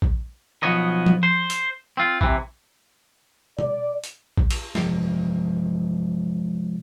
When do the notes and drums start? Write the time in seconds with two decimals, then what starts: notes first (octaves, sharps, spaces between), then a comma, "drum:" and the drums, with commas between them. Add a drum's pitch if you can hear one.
0.02 drum: kick
0.63 B1 B2 F3 B3 C#5 D#5
1.06 drum: tom F3
1.23 C5
1.50 drum: hi-hat
1.97 C4 F4
2.21 C3 E3, drum: kick
3.59 D5, drum: tom B2
4.04 drum: hi-hat
4.37 drum: kick
4.51 drum: cymbal
4.75 C3 F3 G#3, drum: snare